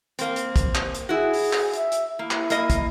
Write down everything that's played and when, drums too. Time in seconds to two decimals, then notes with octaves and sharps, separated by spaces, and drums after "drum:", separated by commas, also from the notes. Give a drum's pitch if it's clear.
0.19 A#3 C4, drum: hi-hat
0.36 drum: hi-hat
0.56 drum: kick, hi-hat
0.75 drum: clap
0.95 drum: hi-hat
1.09 E4 F#4 G#4
1.33 drum: open hi-hat
1.53 drum: clap
1.73 E5, drum: hi-hat
1.92 drum: hi-hat
2.19 A#3 E4
2.31 drum: clap
2.50 A#3 D#5, drum: hi-hat
2.70 drum: kick, hi-hat